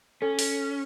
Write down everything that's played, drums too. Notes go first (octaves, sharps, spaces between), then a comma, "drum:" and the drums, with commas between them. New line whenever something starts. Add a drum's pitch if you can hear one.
C#4 A4
drum: open hi-hat